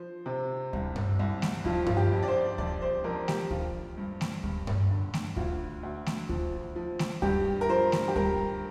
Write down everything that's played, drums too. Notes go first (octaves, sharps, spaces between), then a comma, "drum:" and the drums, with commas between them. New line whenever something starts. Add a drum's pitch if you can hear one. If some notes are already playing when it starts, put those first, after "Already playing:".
Already playing: F3 C5
C3
C2, drum: kick D2
drum: tom G2
C2
drum: snare A3
F2 F4, drum: kick D2
F4, drum: tom G2
G4
F2
D5
C5
F2 D5, drum: kick D2
C5
F2 A#4
G4, drum: snare A3
F3 F4, drum: kick D2
G2
drum: snare A3
G2, drum: kick D2
drum: tom G2
D3
drum: snare A3
D2 F4, drum: kick D2
D2
drum: snare A3
F3, drum: kick D2
F3
drum: snare A3
G2 G4, drum: kick D2
A#4
F3 C5
drum: snare A3
G4
G2 A#4, drum: kick D2